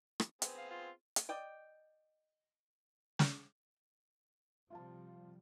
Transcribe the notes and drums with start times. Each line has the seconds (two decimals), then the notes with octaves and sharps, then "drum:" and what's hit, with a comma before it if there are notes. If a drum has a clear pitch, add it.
0.20 drum: rim click
0.42 B3 C4 G#4, drum: hi-hat
0.57 F5
0.70 F4
1.16 drum: hi-hat
1.29 D5 D#5 G5
3.19 drum: snare
4.70 C3 F3 G3 F4 F5 A5